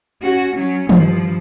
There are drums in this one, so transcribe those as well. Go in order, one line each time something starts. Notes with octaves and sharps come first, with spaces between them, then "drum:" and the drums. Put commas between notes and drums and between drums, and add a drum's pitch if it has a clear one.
C#4 F#4
F#3 C#4
G2 F3, drum: tom D#3